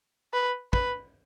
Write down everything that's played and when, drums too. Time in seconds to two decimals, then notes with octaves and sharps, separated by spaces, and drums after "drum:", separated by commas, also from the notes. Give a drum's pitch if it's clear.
0.34 B4
0.73 B4, drum: kick